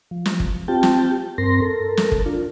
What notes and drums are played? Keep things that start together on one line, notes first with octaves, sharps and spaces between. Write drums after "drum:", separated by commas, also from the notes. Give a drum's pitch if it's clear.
F3
drum: snare
drum: kick G1
C4 F4 G4 G5 A5
drum: snare
G2 C4 A#4 C6 A#6
A4 A#4
drum: snare
drum: kick G1
D4 F4